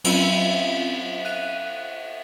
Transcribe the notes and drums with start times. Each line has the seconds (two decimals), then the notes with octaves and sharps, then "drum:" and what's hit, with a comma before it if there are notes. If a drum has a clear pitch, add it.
0.04 F#3 C4 C#4 F4, drum: cymbal
1.25 F#6 D#7 F7